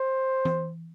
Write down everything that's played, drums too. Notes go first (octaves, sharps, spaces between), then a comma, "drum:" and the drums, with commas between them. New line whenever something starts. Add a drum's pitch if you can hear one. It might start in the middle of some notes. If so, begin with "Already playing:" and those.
Already playing: C5
drum: tom E3